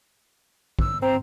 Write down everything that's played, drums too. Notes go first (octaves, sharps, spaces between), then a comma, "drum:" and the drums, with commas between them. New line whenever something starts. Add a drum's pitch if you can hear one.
E6, drum: kick
C4 C5 A#5